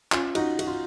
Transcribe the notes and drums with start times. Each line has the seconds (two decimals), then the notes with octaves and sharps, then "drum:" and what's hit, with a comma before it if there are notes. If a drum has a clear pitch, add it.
0.12 C#4 F4, drum: clap
0.35 D#4 F#4, drum: cymbal
0.59 F#4, drum: cymbal
0.67 F4